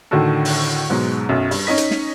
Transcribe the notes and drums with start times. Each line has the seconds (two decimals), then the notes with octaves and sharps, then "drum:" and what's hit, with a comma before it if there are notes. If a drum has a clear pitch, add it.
0.11 A2 D3 D#3 F#4 A4
0.45 drum: open hi-hat
0.90 G#2 B2 F#3 G#3
1.29 B1 F#2
1.51 G2, drum: open hi-hat
1.67 C#4 D#4 D#5 B6
1.78 drum: hi-hat
1.91 drum: snare